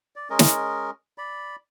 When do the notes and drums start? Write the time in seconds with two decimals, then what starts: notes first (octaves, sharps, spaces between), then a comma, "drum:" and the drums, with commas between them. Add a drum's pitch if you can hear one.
0.16 D5
0.30 G#3 C#4 A#4 D#5
0.39 drum: snare
1.18 D5 B5